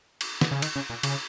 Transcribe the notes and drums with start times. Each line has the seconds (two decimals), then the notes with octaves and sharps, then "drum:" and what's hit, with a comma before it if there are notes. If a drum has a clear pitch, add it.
0.21 drum: cymbal
0.41 drum: snare
0.51 C#3
0.62 D#3, drum: cymbal
0.75 C#3
0.90 A#2
1.03 C#3, drum: cymbal